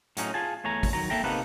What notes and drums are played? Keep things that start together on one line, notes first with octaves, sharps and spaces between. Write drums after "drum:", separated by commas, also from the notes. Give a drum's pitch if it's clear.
A2 F#3 C#4 D#4, drum: hi-hat
F4 G#4 G#5 A5
E2 A3 C#5 G#5 A#5
drum: kick G#1, open hi-hat
D#3 F#3 A#5
A#3 A4 E5 G5 A#5
C3 A#3 B3 D#4 A4 B4